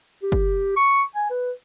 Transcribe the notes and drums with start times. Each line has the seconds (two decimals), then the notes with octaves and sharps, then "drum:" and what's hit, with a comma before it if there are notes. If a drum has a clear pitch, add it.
0.23 G4
0.32 drum: kick F#1
0.76 C#6
1.15 G#5
1.30 B4